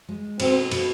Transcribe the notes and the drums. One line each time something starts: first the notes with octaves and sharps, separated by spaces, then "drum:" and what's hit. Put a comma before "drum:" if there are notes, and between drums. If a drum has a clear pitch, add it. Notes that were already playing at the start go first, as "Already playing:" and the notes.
G#3
B2 C4, drum: cymbal
B2, drum: cymbal